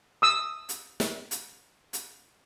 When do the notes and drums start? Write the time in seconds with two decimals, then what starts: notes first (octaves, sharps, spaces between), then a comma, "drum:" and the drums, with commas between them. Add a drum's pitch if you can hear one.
0.22 D#6 E6
0.69 drum: hi-hat
1.00 drum: snare
1.31 drum: hi-hat
1.93 drum: hi-hat